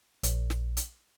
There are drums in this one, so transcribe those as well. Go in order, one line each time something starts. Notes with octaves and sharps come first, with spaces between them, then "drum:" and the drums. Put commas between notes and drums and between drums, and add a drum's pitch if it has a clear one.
A#1, drum: hi-hat
drum: snare
drum: hi-hat